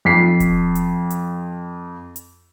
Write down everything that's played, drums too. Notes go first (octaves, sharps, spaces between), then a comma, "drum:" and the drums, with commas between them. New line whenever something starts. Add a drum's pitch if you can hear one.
F2 B6 C7
drum: kick F1, hi-hat
drum: hi-hat
drum: hi-hat
drum: hi-hat